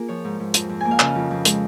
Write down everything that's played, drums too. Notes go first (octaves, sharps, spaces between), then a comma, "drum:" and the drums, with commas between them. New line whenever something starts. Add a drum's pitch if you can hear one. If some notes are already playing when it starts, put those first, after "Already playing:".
Already playing: A#3 F4 G#4 A#4
F3 C#5
G#2
G#2
F2, drum: hi-hat
F2
A#3 G#5
F5
C#3 D#5, drum: clap
F2
F2
G#3, drum: hi-hat